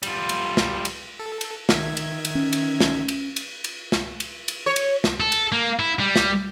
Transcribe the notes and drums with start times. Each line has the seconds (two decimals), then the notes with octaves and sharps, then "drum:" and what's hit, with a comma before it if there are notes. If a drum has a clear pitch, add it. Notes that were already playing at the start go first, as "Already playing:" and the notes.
0.03 G3 F4, drum: cymbal
0.29 drum: cymbal
0.57 drum: snare
0.85 drum: cymbal
1.20 A4
1.41 drum: cymbal
1.69 D#3 E5 G#6, drum: snare
1.97 drum: cymbal
2.25 drum: cymbal
2.35 C#4
2.53 drum: cymbal
2.81 drum: snare
3.08 drum: cymbal
3.36 drum: cymbal
3.64 drum: cymbal
3.92 drum: snare
4.20 drum: cymbal
4.48 drum: cymbal
4.66 C#5
4.76 drum: cymbal
5.04 drum: snare
5.20 A4
5.32 drum: cymbal
5.52 A#3
5.79 E4
6.00 G3
6.16 drum: snare